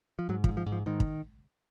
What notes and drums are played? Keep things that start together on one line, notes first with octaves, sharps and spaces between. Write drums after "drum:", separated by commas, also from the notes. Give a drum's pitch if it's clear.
F3
G#2 F#3
F3, drum: kick
G#2
F3
G#2
F3
G#2 D#3
drum: kick